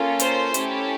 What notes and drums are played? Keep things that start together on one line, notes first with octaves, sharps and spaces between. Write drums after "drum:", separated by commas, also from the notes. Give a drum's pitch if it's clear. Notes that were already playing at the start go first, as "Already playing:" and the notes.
Already playing: A#3 C#4 F4 A4
C5, drum: hi-hat
A3 C#4 E4 G4, drum: hi-hat